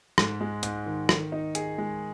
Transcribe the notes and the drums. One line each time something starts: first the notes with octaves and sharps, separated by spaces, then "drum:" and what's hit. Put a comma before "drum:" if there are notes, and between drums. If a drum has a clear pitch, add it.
G#2, drum: rim click
G#3
G#2, drum: hi-hat
D#3
D#3, drum: rim click
D#4
G#4, drum: hi-hat
G#3